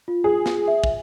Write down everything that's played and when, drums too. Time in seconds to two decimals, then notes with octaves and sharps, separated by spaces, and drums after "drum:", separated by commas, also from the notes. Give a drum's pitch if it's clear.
0.08 F4
0.24 G#4
0.46 drum: snare
0.68 E5
0.84 drum: kick